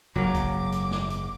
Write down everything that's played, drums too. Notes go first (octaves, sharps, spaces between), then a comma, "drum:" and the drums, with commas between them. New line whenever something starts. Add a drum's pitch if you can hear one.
F#1 G#2 F#3 A#3 D6
drum: kick, hi-hat
drum: hi-hat
drum: snare
drum: hi-hat